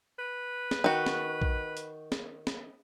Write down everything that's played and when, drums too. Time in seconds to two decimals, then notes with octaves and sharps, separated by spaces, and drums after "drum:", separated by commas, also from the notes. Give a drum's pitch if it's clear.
0.19 B4
0.71 drum: snare
0.84 D#3 F#4
1.06 drum: snare
1.42 drum: kick A#1
1.77 drum: hi-hat
2.12 drum: snare
2.47 drum: snare